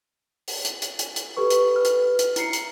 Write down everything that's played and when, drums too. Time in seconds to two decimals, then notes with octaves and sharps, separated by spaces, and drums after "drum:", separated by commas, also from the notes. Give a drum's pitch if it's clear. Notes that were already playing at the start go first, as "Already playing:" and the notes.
0.48 drum: open hi-hat
0.65 drum: hi-hat
0.82 drum: hi-hat
0.99 drum: hi-hat
1.16 drum: hi-hat
1.37 G4 A4 B4 C#6
1.50 drum: hi-hat
1.75 B4 F6
1.85 drum: hi-hat
2.19 drum: hi-hat
2.36 E4 A#5 C7 C#7, drum: hi-hat
2.53 drum: hi-hat